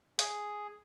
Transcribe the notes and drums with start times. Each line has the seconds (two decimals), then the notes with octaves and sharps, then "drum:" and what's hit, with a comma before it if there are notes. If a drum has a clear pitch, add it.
0.19 G#4, drum: hi-hat